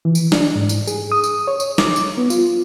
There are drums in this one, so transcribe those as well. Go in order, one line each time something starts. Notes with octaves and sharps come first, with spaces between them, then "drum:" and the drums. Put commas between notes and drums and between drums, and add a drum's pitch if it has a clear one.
E3
drum: tambourine
D4, drum: snare
G#2
drum: tambourine
G#4, drum: tambourine
D#6
drum: tambourine
C#5
drum: tambourine
D6, drum: snare
drum: tambourine
B3
F4, drum: tambourine